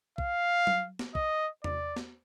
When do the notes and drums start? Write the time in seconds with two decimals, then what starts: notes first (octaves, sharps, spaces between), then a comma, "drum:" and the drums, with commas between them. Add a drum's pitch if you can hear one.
0.18 F5, drum: kick
0.67 drum: tom F#3
0.99 drum: snare
1.15 D#5, drum: kick
1.64 D5, drum: tom E2
1.96 drum: snare